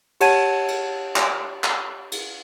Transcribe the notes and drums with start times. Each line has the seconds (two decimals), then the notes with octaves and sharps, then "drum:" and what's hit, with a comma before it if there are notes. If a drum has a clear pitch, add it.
0.21 G4 C#5 F#5 A5 G#6 D#7, drum: cymbal
0.68 drum: cymbal
1.16 drum: clap
1.64 drum: clap
2.12 drum: cymbal